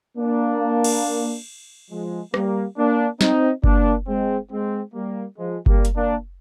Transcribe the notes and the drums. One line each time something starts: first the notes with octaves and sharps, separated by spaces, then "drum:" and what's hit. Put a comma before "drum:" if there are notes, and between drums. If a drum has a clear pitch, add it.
A#3 D4
drum: cymbal
F3 G#3
G3 A#3, drum: rim click
A#3 D4
C4 D#4, drum: snare
A#3 D4, drum: kick F#1
G#3 C4
G#3 C4
G3 A#3
F3 G#3
G3 A#3, drum: kick F#1
drum: hi-hat
A#3 D4